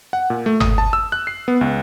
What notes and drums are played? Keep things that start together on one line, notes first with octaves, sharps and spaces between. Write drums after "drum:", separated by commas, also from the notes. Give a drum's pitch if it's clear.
F#5
A#2
A3
D#6, drum: tom G1
A5
E6
F#6
C7
B3
C#2